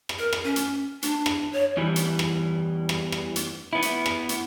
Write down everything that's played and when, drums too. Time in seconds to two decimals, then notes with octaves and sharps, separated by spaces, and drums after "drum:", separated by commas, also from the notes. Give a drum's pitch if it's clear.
0.09 drum: rim click
0.19 A#4
0.33 drum: rim click
0.44 C#4
0.56 drum: hi-hat
1.03 D4, drum: hi-hat
1.26 drum: rim click
1.52 C#5
1.77 E2 E3 G3
1.96 drum: hi-hat
2.19 drum: rim click
2.89 drum: rim click
3.12 drum: rim click
3.36 drum: hi-hat
3.73 B3 E4
3.82 drum: hi-hat
4.06 drum: rim click
4.29 drum: hi-hat